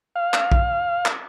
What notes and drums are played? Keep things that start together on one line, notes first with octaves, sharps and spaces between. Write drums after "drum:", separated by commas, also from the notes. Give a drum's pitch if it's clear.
F5
drum: clap
drum: kick A#1
drum: clap